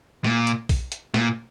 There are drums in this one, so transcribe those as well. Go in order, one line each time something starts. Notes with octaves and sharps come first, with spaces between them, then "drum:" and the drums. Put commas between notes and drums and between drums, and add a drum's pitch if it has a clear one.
A#2, drum: snare
drum: hi-hat
drum: kick, open hi-hat
drum: hi-hat
A#2, drum: snare